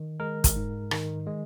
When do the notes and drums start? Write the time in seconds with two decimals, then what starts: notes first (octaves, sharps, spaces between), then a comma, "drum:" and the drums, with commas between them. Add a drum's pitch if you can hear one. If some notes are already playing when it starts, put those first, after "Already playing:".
Already playing: D#3
0.20 G#3 A#4
0.44 drum: kick, hi-hat
0.56 G#2
0.91 D#3, drum: rim click
1.27 G#3